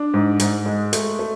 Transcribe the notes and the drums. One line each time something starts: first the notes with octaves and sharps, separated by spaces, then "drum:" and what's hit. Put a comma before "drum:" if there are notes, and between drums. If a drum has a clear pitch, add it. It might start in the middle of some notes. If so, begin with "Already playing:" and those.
Already playing: D4
G#2
G#2, drum: hi-hat
G#3
A3, drum: hi-hat
A3